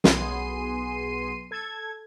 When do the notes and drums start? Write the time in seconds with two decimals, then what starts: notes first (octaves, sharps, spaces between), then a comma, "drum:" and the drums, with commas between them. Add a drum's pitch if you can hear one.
0.04 B1 B3 G#4 C6 C7 D#7, drum: snare
1.51 A4 G#6